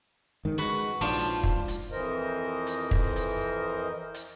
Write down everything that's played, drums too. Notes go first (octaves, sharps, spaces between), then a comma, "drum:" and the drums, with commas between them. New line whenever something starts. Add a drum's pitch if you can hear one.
G#2 D#3
G#3 F#4 B4
A#1 G#2 F3 D4 F4
drum: hi-hat
drum: kick
drum: hi-hat
F2 E3 A#4 C5 D#5
drum: hi-hat
drum: kick
drum: hi-hat
drum: hi-hat